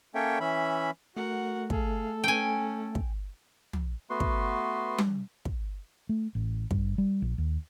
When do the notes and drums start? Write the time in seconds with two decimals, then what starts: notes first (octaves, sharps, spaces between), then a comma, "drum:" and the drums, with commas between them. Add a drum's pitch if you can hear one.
0.15 A#3 C#4 A4 C#5 E5 G5
0.40 E3 C#4 E5 B5
1.16 A3 F#4 A#4 F#5
1.70 G#4 A4 F5, drum: kick
2.24 C#4 G5 G#5
2.95 drum: kick
3.73 drum: tom
4.10 A3 B3 F#4 B4 C6
4.20 drum: kick
4.98 drum: tom G3
5.45 drum: kick
6.09 A3
6.35 A1
6.71 G2, drum: kick
6.98 G3
7.22 A#1
7.38 D#2